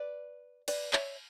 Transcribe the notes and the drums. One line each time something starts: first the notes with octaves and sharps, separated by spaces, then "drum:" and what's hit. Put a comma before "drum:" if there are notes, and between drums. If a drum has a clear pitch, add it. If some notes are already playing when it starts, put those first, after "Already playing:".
Already playing: B4 D5
B4 D5, drum: cymbal
C#5 E5, drum: clap